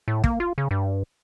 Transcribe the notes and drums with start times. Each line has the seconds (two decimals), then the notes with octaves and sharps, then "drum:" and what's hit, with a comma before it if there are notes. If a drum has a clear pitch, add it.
0.08 A2
0.24 A#3, drum: kick
0.40 F4
0.58 C#3
0.71 G2